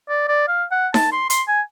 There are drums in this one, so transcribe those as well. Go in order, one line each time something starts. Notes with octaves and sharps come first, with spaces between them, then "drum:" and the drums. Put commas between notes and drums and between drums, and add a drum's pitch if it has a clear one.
D5
D5
F5
F#5
A5, drum: snare D#4
C6
C6, drum: hi-hat
G#5